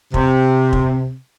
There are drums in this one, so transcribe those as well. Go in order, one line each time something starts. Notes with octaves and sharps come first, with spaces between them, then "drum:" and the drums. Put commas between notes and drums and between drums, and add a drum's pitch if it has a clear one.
C3, drum: kick
drum: kick